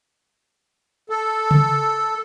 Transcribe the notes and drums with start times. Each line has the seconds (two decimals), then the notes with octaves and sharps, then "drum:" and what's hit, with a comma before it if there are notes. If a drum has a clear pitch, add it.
1.10 A4
1.51 drum: tom C#3